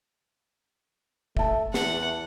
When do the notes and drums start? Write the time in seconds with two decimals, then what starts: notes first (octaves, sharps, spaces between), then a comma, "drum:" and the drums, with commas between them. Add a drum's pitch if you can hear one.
1.37 A3 E5 A5, drum: kick
1.74 E2 F#5, drum: snare